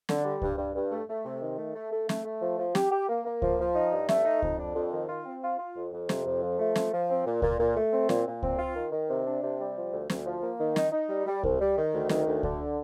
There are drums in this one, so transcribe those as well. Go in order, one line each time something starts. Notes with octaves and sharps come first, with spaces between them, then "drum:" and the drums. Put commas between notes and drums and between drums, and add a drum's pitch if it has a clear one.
D3, drum: snare
G3
G2, drum: kick C#2
G2
G2
A3
A3
C3
D#3
A3
A3
A3
A3, drum: snare
A3
F3
F3
G4, drum: snare
G4
A#3
A#3
F3, drum: kick C#2
F3
D#4
G2
A3, drum: snare
D#4
F2, drum: kick C#2
D4
F2
D#3
F4
C4
F4
F4
F2
F2
C3, drum: snare
F2
F3
A3
F3, drum: snare
F3
C4
A#2
A#2, drum: kick C#2
A#2
A3
C4
A#2, drum: snare
A#2
C4, drum: kick C#2
F4
D#3
D#3
C3
D4
C3
G3
F3
D2
D2, drum: snare
F3
A#3
D#3
D#4, drum: snare
D#4
G3
G3
C2, drum: kick C#2
G3
D#3
D2
D#3, drum: snare
D2
D3, drum: kick C#2